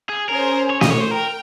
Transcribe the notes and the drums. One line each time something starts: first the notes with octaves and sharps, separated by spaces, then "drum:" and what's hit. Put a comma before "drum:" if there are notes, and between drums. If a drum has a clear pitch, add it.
G#4
C#4 G#4 A#4 C5
C#5
D#5, drum: snare
C#5
C5
A#4 G5